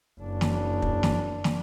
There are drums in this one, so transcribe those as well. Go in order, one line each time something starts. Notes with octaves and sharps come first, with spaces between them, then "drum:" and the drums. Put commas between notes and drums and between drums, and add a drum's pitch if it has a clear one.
F#1 D4
drum: snare
drum: kick
drum: snare
drum: snare